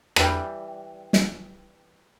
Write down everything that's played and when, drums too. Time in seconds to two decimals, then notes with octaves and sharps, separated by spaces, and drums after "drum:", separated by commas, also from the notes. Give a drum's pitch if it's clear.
0.16 E3 G3, drum: rim click
1.13 drum: snare